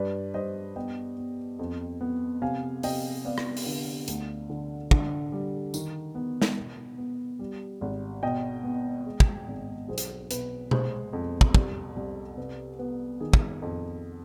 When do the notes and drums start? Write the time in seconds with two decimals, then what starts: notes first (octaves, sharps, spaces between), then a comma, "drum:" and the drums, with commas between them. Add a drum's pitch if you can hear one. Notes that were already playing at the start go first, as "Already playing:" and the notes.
Already playing: G2 B4 D5
0.34 G2 C5 D#5
0.76 B3 D#5 G5
1.17 B3
1.59 F2
2.01 B3
2.42 C3 F5 G#5
2.83 C3 D#5 G5, drum: open hi-hat
3.25 B3 D5 F5
3.38 drum: rim click
3.57 drum: open hi-hat
3.66 D3
4.08 D2, drum: hi-hat
4.50 D3
4.91 D3, drum: kick
5.32 G3
5.74 D#3, drum: tambourine
6.15 B3
6.42 drum: snare
6.57 B2
6.98 B3
7.39 G3
7.81 G#1
8.23 B2 D#5 G5
8.64 B3
9.06 G#3
9.20 drum: kick
9.48 G#1
9.88 B1 G#4 C5
9.98 drum: hi-hat
10.31 B2 B4, drum: hi-hat
10.71 G#3 G#4 C5, drum: tom B2
11.13 F2
11.41 drum: kick
11.55 C2, drum: kick
11.96 C2
12.37 C3 B4
12.79 B3 B4
13.20 D#3 G#4
13.33 drum: kick
13.62 F2